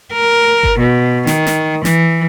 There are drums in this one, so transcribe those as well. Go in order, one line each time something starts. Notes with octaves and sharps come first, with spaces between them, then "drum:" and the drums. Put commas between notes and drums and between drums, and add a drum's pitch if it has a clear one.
A#4
drum: kick G1
B2
D#3, drum: snare
drum: snare
E3, drum: snare